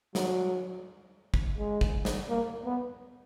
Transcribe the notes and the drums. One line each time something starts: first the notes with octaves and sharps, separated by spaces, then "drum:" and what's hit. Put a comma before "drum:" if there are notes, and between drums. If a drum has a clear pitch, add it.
F#3, drum: snare
drum: kick
G#3
drum: kick
drum: snare
A#3
B3